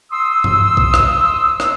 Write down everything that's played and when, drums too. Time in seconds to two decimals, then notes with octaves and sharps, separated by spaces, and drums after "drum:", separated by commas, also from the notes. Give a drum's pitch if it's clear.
0.11 C6 D#6 E6
0.44 drum: tom G2
0.77 drum: kick A#1
0.94 drum: rim click
1.60 drum: rim click